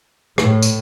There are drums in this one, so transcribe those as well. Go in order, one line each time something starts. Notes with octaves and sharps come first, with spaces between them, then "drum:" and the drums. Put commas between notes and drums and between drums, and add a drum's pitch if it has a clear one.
A2, drum: rim click
drum: tambourine